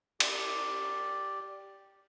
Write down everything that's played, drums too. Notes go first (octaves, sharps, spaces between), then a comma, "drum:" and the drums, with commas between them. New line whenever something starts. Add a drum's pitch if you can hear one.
G4 D5, drum: cymbal